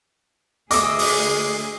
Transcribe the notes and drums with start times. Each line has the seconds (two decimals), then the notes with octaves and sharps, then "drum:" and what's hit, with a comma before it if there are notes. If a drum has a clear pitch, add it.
0.71 D2 A3 G#4 D#5 E5 D6, drum: hi-hat
0.99 drum: open hi-hat